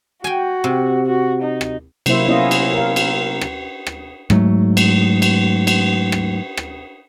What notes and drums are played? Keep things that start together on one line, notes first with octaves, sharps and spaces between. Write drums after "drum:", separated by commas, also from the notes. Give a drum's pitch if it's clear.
F#4 G5 G#5
C3
F#4
D#4
drum: rim click
C3 F#3 A#3 E4 C5 E5, drum: cymbal
A#3 B3 C#4 E4 F4 D#5
drum: cymbal
A#4 F5
drum: cymbal
drum: rim click
drum: rim click
G#2 F#3 A3, drum: rim click
drum: cymbal
drum: cymbal
drum: cymbal
drum: rim click
drum: rim click